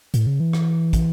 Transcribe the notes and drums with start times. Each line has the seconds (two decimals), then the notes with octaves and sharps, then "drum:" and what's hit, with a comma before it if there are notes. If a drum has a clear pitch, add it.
0.14 A2, drum: hi-hat
0.27 C#3
0.40 E3
0.53 drum: rim click
0.93 drum: kick, hi-hat